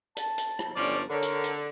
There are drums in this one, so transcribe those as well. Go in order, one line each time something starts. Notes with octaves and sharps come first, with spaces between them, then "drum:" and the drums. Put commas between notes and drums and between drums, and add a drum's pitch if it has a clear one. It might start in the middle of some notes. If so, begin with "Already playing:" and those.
A5, drum: hi-hat
drum: hi-hat
drum: rim click
G1 F3 C#4 D5
D3 A4 A#4 C#5
drum: hi-hat
drum: hi-hat